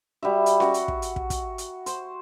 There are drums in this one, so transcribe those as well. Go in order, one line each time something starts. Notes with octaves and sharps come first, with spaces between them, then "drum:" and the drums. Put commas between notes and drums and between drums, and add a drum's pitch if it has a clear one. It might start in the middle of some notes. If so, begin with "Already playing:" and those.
G3 F#4 E5
drum: hi-hat
F#4, drum: snare C#4
drum: hi-hat
drum: kick
drum: hi-hat
drum: kick
drum: kick, hi-hat
drum: hi-hat
C5, drum: hi-hat